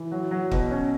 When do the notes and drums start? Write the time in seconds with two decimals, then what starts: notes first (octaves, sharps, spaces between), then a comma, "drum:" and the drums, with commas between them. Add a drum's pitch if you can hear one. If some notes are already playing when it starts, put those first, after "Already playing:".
Already playing: E3
0.11 F#3
0.31 F#3
0.52 B2, drum: kick
0.71 C#4